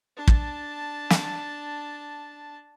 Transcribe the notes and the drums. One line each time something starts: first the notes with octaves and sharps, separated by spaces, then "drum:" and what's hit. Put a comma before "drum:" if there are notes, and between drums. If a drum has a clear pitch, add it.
D4 A5
drum: kick
drum: snare